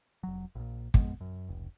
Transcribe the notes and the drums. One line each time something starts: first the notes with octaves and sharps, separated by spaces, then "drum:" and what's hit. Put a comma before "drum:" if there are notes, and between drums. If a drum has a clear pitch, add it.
F1 F#3
A#1 A#2
A#1 F2 G#3 B3, drum: kick
F#2
F1 C#2